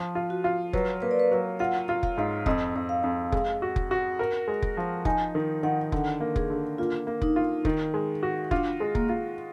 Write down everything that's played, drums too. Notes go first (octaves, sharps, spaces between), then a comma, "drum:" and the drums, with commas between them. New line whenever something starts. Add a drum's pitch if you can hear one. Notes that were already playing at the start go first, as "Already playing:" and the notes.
Already playing: F3
F4
F#4
F4
F#3 B4, drum: kick F1
A#3 B4
D5
B4
F#3
F4 F#5
F4
F5, drum: kick F1
G#2
F2 D#5, drum: kick F1
F2
F5
F2
G#3, drum: kick F1
F#4
drum: kick F1
F#4
A#4
G#3
drum: kick F1
F3
D#4 G#5, drum: kick F1
D#3
D#3 F#5
D3 F#5, drum: kick F1
A#3
G#4, drum: kick F1
D3
A#3 F4
A#3
D#4, drum: kick F1
F4
D#3, drum: kick F1
G#3
F#4
D4 F4, drum: kick F1
G#3
A#3, drum: kick F1
F4